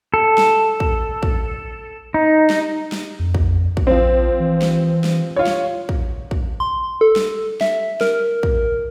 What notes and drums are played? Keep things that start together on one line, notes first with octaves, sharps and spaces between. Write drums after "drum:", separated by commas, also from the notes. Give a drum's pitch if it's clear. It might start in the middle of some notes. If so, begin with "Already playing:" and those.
A4
drum: snare
drum: kick
drum: kick
D#4
drum: snare
drum: snare
F2
drum: kick
drum: kick
A#1 F3 C4
E3
drum: snare
drum: snare
F4 C#5
drum: snare
drum: kick
drum: kick
C6
A4
drum: snare
E5, drum: snare
A#4, drum: snare
drum: kick